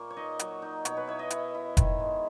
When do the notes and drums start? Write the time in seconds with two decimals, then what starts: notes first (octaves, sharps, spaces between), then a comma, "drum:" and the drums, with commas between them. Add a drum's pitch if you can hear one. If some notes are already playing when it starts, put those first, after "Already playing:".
Already playing: A#2 A#3 C#6
0.11 C#5
0.17 D#4 D#5
0.39 F#3, drum: hi-hat
0.62 D#4
0.85 B2 C#5, drum: hi-hat
0.97 B4
1.07 E4 C#5
1.19 D#5
1.30 E4, drum: hi-hat
1.55 E4
1.77 D#3, drum: kick F1, hi-hat
2.00 G#3